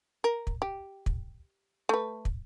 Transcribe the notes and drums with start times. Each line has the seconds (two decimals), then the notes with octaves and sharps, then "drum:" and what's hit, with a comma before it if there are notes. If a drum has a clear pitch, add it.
0.24 A#4
0.47 drum: kick
0.62 G4
1.06 drum: kick
1.89 A3 B4
2.25 drum: kick